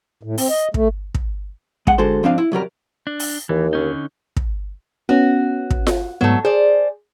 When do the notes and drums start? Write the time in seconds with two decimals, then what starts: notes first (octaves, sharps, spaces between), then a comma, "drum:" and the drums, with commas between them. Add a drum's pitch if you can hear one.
0.23 A2
0.38 C4, drum: open hi-hat
0.50 D#5
0.74 A3, drum: kick
1.14 drum: kick
1.87 G#3 F#5, drum: kick
1.98 D3 G#3 F#4 A4 C5
2.23 G#2 F3 C4 D4 F5
2.38 E4
2.52 C2 F#3 G3 A#4
3.07 D4
3.20 drum: open hi-hat
3.49 D#2 E3
3.73 D3 C#4 D#4
4.36 drum: kick
5.09 B3 C#4 F#4
5.70 drum: kick
5.87 drum: snare F4
6.21 G#2 F#3 A3 B3
6.45 G#4 C5 D5